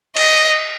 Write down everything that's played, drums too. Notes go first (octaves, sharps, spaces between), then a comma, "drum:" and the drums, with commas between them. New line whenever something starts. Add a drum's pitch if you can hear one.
D#5, drum: cymbal